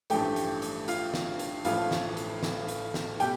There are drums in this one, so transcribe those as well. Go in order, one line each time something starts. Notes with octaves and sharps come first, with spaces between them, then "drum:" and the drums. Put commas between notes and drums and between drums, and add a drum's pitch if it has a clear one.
A1 G2 F3 A3 G4 G5, drum: hi-hat
drum: hi-hat
drum: hi-hat
F4 F5, drum: hi-hat
drum: snare
drum: hi-hat
A1 A2 F3 A3 F4 F5, drum: hi-hat
drum: snare
drum: hi-hat
drum: snare
drum: hi-hat
drum: snare
B2 G3 G4 G5, drum: hi-hat